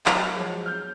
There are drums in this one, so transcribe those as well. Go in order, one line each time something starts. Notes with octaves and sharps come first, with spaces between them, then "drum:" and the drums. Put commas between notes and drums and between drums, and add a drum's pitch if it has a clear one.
F#3 A#4 F7, drum: clap
F3 F#3 G#3
F6 G6